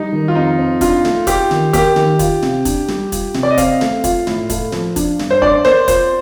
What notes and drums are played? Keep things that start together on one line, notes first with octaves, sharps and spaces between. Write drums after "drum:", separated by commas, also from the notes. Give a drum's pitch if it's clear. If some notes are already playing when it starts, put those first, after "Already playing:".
Already playing: G3 D#4
D#3
F4
F2 D#4
F2
D4 F4, drum: kick, hi-hat
A3, drum: snare
F4 G4, drum: kick, hi-hat
D#3, drum: snare
A#3 G4, drum: kick, hi-hat
D#3, drum: snare
F4, drum: kick, hi-hat
C3, drum: snare
D4, drum: kick, hi-hat
G3, drum: snare
F4, drum: kick, hi-hat
C3, drum: snare
D5
D#5
C4 F5, drum: kick, hi-hat
A3, drum: snare
F4, drum: kick, hi-hat
A2, drum: snare
A3, drum: kick, hi-hat
F3, drum: snare
D4, drum: kick, hi-hat
G2, drum: snare
C5
D4 D5, drum: kick
A#3 C5, drum: snare
F4 C5, drum: kick, hi-hat